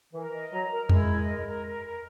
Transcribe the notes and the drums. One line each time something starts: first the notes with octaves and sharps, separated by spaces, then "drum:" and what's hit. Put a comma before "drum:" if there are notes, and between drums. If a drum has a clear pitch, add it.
E3 A#4
D#5
F#3 A#5
A#4
G#3 E4, drum: tom E2
D#5
A#4
A#4
A#4
A#4